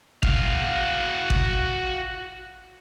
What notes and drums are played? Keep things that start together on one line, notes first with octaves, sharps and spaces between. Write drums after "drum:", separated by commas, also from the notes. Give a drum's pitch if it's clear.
F#4 F5, drum: kick G#1
drum: kick G#1